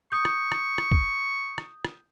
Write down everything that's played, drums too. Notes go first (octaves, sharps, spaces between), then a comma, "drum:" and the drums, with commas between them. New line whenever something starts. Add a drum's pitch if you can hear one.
C#6 D#6 G6
drum: rim click
drum: rim click
drum: rim click
drum: kick
drum: rim click
drum: rim click